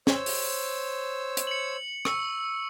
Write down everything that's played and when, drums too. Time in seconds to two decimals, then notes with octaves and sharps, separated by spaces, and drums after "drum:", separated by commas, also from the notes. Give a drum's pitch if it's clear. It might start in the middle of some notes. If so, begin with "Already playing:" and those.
0.07 C5 C#5 E6, drum: snare
0.26 drum: open hi-hat
1.37 drum: hi-hat
1.47 C#7 F#7
2.05 C#6 E6 C#7, drum: rim click